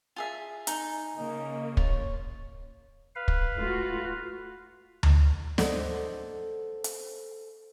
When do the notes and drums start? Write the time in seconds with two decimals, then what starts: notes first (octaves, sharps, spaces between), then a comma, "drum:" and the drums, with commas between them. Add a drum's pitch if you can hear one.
0.16 F4 G#4 E5
0.67 D#4 G#5, drum: hi-hat
1.17 C#3 A#3 D#5
1.77 F4 C#5, drum: kick
3.16 B4 F5
3.28 drum: kick
3.56 A3 F4 F#4
5.03 drum: tom D2
5.58 A4 C5 D5 D#5 F5 F#5, drum: snare
6.84 drum: hi-hat